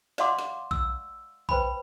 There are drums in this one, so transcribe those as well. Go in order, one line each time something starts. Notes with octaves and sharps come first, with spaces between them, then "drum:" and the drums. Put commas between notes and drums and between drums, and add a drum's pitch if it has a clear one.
D5 D#5 F5 F#5 C6 D6, drum: snare
drum: snare
E6, drum: kick A#1
B4 C5 G5 B5, drum: kick A#1